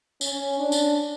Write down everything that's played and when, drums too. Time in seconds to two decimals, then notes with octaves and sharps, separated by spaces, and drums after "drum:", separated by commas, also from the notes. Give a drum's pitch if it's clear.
0.21 C#4, drum: tambourine
0.59 D4
0.72 drum: tambourine